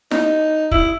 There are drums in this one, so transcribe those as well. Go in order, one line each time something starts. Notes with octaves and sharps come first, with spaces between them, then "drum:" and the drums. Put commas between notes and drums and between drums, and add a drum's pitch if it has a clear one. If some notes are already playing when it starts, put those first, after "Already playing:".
D#4, drum: snare E4
E4, drum: kick